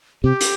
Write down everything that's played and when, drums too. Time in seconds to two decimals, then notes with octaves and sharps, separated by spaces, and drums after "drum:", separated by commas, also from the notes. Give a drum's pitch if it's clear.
0.23 C3 G4
0.41 drum: hi-hat